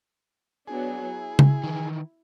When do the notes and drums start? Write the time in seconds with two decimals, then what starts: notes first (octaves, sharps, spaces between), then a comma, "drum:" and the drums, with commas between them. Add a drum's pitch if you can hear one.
0.68 F#3 B3 D4 G#4
1.05 E4
1.39 drum: tom C#3
1.64 D#3 E3